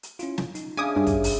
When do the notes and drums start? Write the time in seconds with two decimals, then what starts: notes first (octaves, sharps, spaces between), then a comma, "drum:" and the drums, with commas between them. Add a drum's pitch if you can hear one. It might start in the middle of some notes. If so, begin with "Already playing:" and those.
0.03 drum: hi-hat
0.19 C#4 E4 F4, drum: hi-hat
0.38 drum: snare
0.55 D#4, drum: hi-hat
0.77 C#3 D4 E5 F5 G#5 D6 D#6
0.96 G2
1.07 drum: kick, hi-hat
1.24 drum: open hi-hat